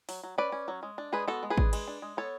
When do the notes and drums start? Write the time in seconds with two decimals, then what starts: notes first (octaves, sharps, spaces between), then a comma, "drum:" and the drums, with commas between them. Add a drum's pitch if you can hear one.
0.09 F#3, drum: open hi-hat
0.24 F#3
0.38 C#4 B4 D5
0.52 C#4
0.68 F#3
0.83 G#3
0.98 D4
1.12 G#3 G#4 B4
1.28 B3 F#4 A4
1.43 G#3
1.50 G#4 B4
1.58 D4, drum: kick G#1
1.73 G#3, drum: cymbal
1.88 D4
2.02 G#3
2.17 B3 A4 C#5